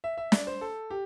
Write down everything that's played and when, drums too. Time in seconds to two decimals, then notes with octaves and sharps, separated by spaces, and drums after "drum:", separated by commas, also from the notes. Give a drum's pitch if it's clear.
0.04 E5
0.17 E5
0.32 D5, drum: snare
0.47 C5
0.61 A4
0.90 G4